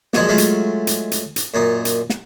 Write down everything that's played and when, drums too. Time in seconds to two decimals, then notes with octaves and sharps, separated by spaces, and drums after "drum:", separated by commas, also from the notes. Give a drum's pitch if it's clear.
0.13 A#1 G#2 F3 F#3 G#3 D#4, drum: snare
0.29 F#3 G#3 A3 C#4 F4
0.38 drum: hi-hat
0.87 drum: hi-hat
1.12 drum: hi-hat
1.36 drum: hi-hat
1.54 F#2 A#2 D#4
1.85 drum: hi-hat
2.10 drum: snare